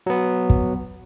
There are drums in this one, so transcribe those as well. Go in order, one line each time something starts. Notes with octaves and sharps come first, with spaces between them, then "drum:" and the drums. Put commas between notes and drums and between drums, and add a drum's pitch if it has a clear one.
F#3 B3
drum: kick